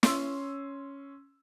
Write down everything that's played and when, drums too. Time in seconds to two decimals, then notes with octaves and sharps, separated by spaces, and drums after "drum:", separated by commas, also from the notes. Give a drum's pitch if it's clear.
0.03 C#4 C6 E6, drum: snare